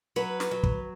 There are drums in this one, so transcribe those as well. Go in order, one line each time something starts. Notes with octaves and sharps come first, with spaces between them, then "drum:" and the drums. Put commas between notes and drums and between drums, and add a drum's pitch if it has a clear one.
F#3 B4
drum: snare
F#3
drum: kick